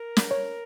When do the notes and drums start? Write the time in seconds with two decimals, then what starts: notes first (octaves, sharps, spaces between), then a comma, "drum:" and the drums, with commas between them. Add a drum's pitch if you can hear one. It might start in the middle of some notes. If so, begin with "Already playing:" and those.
Already playing: A#4
0.17 drum: snare
0.31 C#5